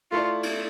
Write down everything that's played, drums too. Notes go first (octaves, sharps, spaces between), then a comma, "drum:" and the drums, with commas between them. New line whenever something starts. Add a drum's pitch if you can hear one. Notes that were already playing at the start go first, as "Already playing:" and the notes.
A3 E4 F4 A4 D5
drum: cymbal